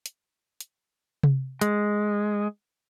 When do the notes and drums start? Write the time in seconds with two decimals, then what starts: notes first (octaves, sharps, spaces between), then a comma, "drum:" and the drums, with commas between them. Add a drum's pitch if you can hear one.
0.06 drum: hi-hat
0.60 drum: hi-hat
1.23 drum: tom C3
1.61 G#3, drum: hi-hat